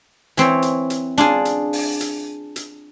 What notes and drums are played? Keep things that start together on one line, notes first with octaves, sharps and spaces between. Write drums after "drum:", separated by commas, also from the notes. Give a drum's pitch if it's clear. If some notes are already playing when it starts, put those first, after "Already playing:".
E3 C4 C5 C#5, drum: hi-hat
drum: hi-hat
drum: hi-hat
D4 F4 G#4, drum: hi-hat
drum: hi-hat
drum: open hi-hat
drum: hi-hat
drum: hi-hat